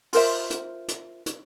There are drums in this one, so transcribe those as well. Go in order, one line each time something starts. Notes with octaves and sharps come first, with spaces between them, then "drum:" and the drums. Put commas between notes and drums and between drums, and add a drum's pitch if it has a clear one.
F4 A#4 C5 E5, drum: open hi-hat
drum: hi-hat
drum: hi-hat
drum: hi-hat